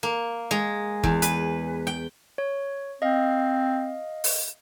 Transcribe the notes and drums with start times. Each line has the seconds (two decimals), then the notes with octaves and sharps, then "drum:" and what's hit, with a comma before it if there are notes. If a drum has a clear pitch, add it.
0.03 A#3
0.51 G#3
1.04 E2, drum: kick G1
1.22 B4, drum: hi-hat
1.87 G5
2.38 C#5
3.02 C4 D#5 F5
4.24 drum: open hi-hat